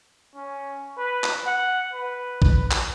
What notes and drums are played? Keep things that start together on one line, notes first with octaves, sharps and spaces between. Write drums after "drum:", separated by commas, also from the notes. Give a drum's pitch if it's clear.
C#4
B4
drum: clap
F#5
B4
drum: kick
drum: clap